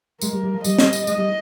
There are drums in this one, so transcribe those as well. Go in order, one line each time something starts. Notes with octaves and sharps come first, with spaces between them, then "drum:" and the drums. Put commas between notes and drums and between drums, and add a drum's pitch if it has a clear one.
G#3 A#4, drum: tambourine
G3
G3
F3
G3 D#5, drum: tambourine
drum: snare
drum: tambourine
G#3 D#5, drum: tambourine
G3